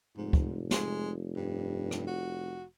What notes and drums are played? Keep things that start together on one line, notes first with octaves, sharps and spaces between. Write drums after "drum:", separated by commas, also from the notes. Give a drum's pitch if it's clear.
F1 G#2
drum: kick
G#3, drum: snare
G2
drum: rim click
F#4